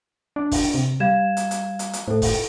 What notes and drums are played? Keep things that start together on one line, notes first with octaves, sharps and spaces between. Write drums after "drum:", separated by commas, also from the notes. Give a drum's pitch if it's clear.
D4
drum: kick, open hi-hat
C3
G3 F5 G#6 E7
drum: hi-hat
drum: hi-hat
drum: hi-hat
drum: hi-hat
A2 A4 C5
drum: kick, open hi-hat